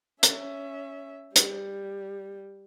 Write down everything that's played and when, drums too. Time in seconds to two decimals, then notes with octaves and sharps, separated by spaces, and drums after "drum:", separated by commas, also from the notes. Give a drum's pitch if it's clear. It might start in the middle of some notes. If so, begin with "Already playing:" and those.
0.23 C#4 E5, drum: hi-hat
1.36 G3, drum: hi-hat